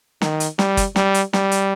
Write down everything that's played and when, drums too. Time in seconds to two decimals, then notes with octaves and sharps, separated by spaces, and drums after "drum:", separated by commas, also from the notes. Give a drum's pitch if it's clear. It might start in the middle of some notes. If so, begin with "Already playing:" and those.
0.21 D#3, drum: snare
0.40 drum: hi-hat
0.59 G3, drum: snare
0.77 drum: kick, hi-hat
0.96 G3, drum: snare
1.14 drum: hi-hat
1.33 G3, drum: snare
1.51 drum: hi-hat